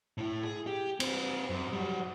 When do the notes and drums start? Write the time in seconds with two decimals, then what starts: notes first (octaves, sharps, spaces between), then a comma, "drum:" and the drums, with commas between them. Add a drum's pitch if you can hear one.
0.18 A2 E4
0.43 G#4
0.67 G4
1.00 C4 B4, drum: cymbal
1.50 F#2
1.73 G3 F#4